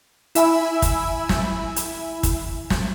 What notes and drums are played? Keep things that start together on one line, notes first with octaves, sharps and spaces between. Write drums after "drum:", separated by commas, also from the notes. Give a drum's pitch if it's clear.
E4 E5 G#5 B5 E6, drum: hi-hat
drum: kick, hi-hat
drum: snare
drum: hi-hat
drum: kick, hi-hat
drum: snare